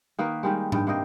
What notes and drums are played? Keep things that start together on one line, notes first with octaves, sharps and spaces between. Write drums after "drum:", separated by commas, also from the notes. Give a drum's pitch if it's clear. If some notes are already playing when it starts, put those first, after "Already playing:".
D#3 A#3 B4 D#5
D#3 G3 G#3
G2 D#3 G5, drum: tom G#2
C3 A#3 D#5 G5